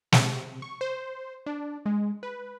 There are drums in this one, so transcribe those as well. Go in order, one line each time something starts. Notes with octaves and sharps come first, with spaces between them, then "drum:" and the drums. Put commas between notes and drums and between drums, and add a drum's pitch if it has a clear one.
C3, drum: snare
C#6
C5
D4
G#3
B4